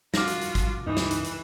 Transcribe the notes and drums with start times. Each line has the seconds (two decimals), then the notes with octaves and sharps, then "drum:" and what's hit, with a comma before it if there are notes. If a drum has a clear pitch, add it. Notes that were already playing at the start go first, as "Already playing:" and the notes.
0.14 F3 G3 F4 F#4 D6 F6 A#6, drum: snare
0.27 drum: hi-hat
0.41 drum: hi-hat
0.55 drum: kick, hi-hat
0.86 C#2 G2 E3 D#4
0.97 drum: snare
1.11 drum: hi-hat
1.24 drum: hi-hat